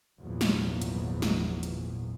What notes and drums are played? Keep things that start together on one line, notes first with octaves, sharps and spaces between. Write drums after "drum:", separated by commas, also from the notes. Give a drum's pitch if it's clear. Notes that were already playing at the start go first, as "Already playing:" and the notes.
G#1 E2 A#2 F3 F#3
drum: snare
drum: hi-hat
drum: snare
drum: hi-hat